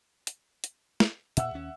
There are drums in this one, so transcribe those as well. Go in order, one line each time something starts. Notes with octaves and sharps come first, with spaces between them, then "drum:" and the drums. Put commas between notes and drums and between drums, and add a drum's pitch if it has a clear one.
drum: hi-hat
drum: hi-hat
drum: snare
A#2 E5 F#5 E6, drum: hi-hat
D#2 C#4